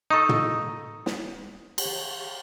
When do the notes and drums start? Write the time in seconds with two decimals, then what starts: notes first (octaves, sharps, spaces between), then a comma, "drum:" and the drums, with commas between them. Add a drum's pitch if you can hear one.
0.10 D#4 A4 C#6 D#6
0.29 drum: tom
1.06 drum: snare
1.78 drum: cymbal